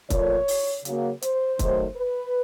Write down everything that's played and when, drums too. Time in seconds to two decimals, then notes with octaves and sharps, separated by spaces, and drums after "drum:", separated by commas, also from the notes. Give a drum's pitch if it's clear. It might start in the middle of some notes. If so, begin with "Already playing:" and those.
0.10 A#2 F3 A3 C#5, drum: kick, hi-hat
0.48 drum: open hi-hat
0.85 C#3 F#3 A#3, drum: hi-hat
1.22 C5, drum: hi-hat
1.59 D#3 F#3 A3, drum: kick, hi-hat
1.96 B4